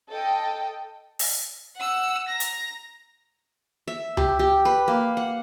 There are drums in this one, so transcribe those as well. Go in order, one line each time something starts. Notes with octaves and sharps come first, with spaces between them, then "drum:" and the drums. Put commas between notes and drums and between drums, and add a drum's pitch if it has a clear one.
A4 D#5 G5
drum: open hi-hat
F#5 E6
A#5 A#6
drum: hi-hat
E5
G4, drum: tom C#2
G4
B4
A#3
F#5